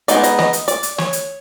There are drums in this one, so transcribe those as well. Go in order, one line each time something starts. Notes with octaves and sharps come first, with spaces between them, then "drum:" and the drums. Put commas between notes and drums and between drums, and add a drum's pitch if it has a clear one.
G#3 B3 D#4 D5, drum: hi-hat
D#5, drum: hi-hat
D#5, drum: snare
drum: hi-hat
D5, drum: hi-hat
drum: hi-hat
C#5, drum: snare
drum: hi-hat